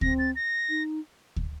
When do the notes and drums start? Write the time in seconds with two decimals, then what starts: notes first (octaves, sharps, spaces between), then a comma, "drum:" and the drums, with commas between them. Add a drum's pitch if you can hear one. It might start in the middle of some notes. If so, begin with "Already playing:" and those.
0.01 C4 A#6, drum: kick D2
0.19 A6
0.36 A#6
0.69 D#4
1.36 drum: kick D2